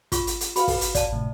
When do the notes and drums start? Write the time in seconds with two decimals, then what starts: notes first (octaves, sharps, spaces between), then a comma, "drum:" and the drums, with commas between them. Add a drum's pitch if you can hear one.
0.12 F4 C#6, drum: kick, hi-hat
0.27 drum: hi-hat
0.41 drum: hi-hat
0.56 F#4 B4 F5 B5, drum: hi-hat
0.68 drum: kick, open hi-hat
0.81 drum: hi-hat
0.95 D5 A5, drum: kick, hi-hat
1.13 A2 C3